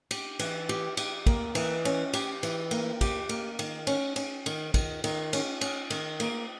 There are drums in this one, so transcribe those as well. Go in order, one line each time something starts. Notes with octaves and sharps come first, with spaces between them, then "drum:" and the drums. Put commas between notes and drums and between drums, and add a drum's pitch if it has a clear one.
G4, drum: cymbal
E3, drum: cymbal
G4, drum: cymbal
G4, drum: cymbal
A#3, drum: kick, cymbal
E3, drum: cymbal
C#4, drum: cymbal
G4, drum: cymbal
E3, drum: cymbal
A#3, drum: cymbal
G4, drum: kick, cymbal
A#3, drum: cymbal
D#3, drum: cymbal
C#4, drum: cymbal
C#4, drum: cymbal
D#3, drum: cymbal
D#3, drum: kick, cymbal
D#3, drum: cymbal
C#4, drum: cymbal
C#4, drum: cymbal
D#3, drum: cymbal
A#3, drum: cymbal